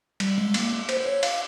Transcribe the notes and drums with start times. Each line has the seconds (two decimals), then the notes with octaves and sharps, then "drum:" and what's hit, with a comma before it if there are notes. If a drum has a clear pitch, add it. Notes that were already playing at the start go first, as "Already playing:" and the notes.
0.20 G3, drum: cymbal
0.38 G#3
0.54 A#3, drum: cymbal
0.89 C5, drum: cymbal
1.01 C5
1.06 C#5
1.23 F5, drum: cymbal